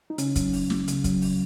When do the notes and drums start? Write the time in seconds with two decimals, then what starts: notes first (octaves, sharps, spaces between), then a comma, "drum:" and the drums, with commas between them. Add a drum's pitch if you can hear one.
0.10 D#4
0.18 C#3 C#4, drum: hi-hat
0.36 F#3, drum: kick, hi-hat
0.53 C#2, drum: open hi-hat
0.70 C#2, drum: snare
0.88 C#3, drum: hi-hat
1.04 F#3, drum: kick, hi-hat
1.22 drum: open hi-hat